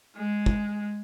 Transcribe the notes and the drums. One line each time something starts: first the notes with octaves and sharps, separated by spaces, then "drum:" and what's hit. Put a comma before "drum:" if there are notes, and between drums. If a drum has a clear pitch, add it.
G#3
drum: kick